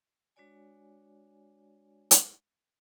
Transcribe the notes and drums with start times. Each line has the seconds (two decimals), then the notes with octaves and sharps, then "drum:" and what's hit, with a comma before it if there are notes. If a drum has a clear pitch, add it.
0.36 G#3 D4 F#4 C#5 D5 G#5
2.11 drum: hi-hat